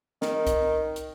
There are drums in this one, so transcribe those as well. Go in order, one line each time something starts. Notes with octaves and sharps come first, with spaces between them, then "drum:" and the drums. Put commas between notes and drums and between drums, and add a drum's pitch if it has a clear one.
D#3, drum: snare
drum: kick C2, hi-hat
drum: hi-hat